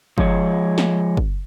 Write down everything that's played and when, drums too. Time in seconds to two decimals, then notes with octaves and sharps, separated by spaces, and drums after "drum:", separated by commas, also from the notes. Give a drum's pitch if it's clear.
0.18 F3 G#3 C#5, drum: kick
0.78 drum: snare
1.17 drum: kick